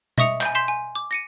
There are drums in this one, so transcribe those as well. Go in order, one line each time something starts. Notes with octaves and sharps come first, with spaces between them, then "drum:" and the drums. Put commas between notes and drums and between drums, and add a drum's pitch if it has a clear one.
D#5 E5 C#6 D#6 C#7 F7, drum: tom B2
G#5 G6, drum: clap
C6 G6 B6 C7 E7
G#5
D6
A#6 C#7 D#7